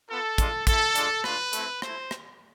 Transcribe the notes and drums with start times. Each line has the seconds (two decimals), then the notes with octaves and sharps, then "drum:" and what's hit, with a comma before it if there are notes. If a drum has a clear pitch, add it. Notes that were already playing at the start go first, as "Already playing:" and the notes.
0.09 B3 F4 A4
0.38 G#3 D4 F4, drum: kick, hi-hat
0.67 A3 E4 A4, drum: kick, hi-hat
0.95 G#3 D4 F4, drum: hi-hat
1.24 A3 D4 F4 B4, drum: rim click
1.53 A3 C4 E4, drum: hi-hat
1.82 A3 E4 C5, drum: rim click
2.11 drum: rim click